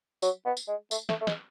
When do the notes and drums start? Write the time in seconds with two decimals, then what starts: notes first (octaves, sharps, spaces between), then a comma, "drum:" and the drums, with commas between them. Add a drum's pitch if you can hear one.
0.22 F#3, drum: tambourine
0.45 B3
0.57 drum: tambourine
0.68 G#3
0.91 A3, drum: tambourine
1.09 A3, drum: snare
1.21 A3
1.27 G#3, drum: snare